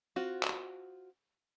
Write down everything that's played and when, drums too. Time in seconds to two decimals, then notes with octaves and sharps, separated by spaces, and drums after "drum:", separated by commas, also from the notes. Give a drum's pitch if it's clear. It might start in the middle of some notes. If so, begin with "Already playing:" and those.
0.16 C4 F4 F#4
0.43 drum: clap